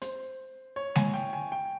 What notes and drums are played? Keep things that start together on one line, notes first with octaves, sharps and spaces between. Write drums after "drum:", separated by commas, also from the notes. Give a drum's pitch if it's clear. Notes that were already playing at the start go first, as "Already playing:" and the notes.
C5, drum: hi-hat
C#5
G#5, drum: snare
G5
G#5
G5